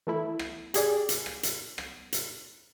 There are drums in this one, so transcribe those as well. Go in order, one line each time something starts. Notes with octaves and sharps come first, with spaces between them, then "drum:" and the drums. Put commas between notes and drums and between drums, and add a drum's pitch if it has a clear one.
E3 A3 E4
drum: rim click
G4 G#4 D5, drum: hi-hat
drum: hi-hat
drum: rim click
drum: hi-hat
drum: rim click
drum: hi-hat